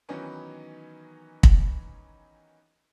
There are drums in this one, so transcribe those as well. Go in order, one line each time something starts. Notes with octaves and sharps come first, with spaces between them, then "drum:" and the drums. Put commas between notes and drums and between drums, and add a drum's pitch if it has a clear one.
D#3 E3 F#3 B3 C#4 D#4
drum: kick